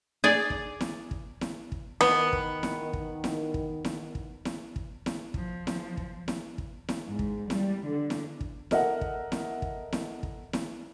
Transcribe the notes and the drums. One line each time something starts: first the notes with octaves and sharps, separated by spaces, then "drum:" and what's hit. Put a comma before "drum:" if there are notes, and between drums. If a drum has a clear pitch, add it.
G#4 D5
drum: kick
drum: snare E4
drum: kick
drum: snare E4
drum: kick
D#3 B3, drum: snare E4
drum: kick
drum: snare E4
drum: kick
drum: snare E4
drum: kick
drum: snare E4
drum: kick
drum: snare E4
drum: kick
drum: snare E4
F3, drum: kick
drum: snare E4
drum: kick
drum: snare E4
drum: kick
drum: snare E4
G#2
drum: kick
G3, drum: snare E4
D3
drum: snare E4
drum: kick
A4 A#4 D#5 E5 F#5, drum: snare E4
drum: kick
drum: snare E4
drum: kick
drum: snare E4
drum: kick
drum: snare E4